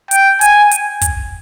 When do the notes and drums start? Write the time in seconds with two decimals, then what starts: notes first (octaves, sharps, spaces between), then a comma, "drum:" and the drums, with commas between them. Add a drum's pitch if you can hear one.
0.11 G5, drum: hi-hat
0.41 G#5, drum: hi-hat
0.71 drum: hi-hat
1.01 drum: kick, hi-hat